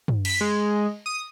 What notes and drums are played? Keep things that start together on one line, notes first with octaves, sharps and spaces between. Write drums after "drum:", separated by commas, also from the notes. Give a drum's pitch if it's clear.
drum: tom
B6, drum: cymbal
G#3
D#6